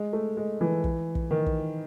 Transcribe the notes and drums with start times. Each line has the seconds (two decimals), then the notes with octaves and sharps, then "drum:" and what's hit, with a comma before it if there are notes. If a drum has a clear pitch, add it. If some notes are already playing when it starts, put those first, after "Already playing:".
Already playing: G#3
0.13 A3
0.37 G#3
0.61 E3
0.84 drum: kick
1.15 drum: kick
1.31 D#3
1.46 drum: kick